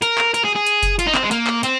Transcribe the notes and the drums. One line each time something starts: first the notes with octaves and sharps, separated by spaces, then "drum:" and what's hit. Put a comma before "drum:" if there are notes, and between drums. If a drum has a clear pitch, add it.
A#4, drum: hi-hat
drum: clap
A#4, drum: hi-hat
G#4
G#4
drum: hi-hat
drum: kick F#1, hi-hat
F4, drum: hi-hat
D#4
C4, drum: clap
G#3
A#3, drum: hi-hat
drum: clap
C4, drum: hi-hat